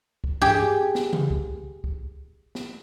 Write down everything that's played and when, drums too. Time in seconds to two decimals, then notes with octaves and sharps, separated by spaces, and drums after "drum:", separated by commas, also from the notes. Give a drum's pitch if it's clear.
0.24 drum: kick
0.42 G4 G#4, drum: tom G2
0.95 drum: snare
1.13 drum: tom C#3
1.30 drum: kick
1.84 drum: kick
2.55 drum: snare